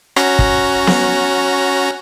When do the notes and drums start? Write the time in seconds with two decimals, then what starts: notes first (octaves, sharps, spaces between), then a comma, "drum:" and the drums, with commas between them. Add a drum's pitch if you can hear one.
0.16 C#4 F#4 A#5, drum: rim click
0.39 drum: kick
0.87 drum: snare B3